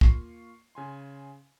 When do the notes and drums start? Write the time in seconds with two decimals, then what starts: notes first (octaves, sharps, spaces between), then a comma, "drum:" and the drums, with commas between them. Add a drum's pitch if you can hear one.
0.01 A#3 F4 C#6 C7, drum: kick
0.75 C#3 G#5 C6